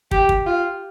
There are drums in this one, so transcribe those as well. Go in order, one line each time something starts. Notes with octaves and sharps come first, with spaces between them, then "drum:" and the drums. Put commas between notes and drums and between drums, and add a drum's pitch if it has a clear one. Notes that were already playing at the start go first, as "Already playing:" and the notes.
G4, drum: kick
drum: kick
F4